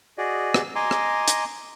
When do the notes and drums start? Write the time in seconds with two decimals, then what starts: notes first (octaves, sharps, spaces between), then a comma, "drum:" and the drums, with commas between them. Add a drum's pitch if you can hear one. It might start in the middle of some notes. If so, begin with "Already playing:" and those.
0.18 F#4 G#4 D5 D#5
0.54 drum: rim click
0.75 D#5 G#5 A#5 C6 D6
0.91 drum: rim click
1.28 drum: hi-hat